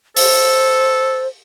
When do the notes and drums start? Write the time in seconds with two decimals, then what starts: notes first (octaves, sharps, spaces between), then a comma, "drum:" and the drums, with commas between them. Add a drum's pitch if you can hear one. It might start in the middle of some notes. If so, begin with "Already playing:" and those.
0.16 A4 C5, drum: open hi-hat